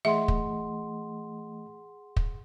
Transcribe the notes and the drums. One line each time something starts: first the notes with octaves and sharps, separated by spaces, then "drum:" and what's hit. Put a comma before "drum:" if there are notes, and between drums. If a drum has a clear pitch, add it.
E3 A3 G#4 D#5 E5 F#5 C6
drum: kick
drum: kick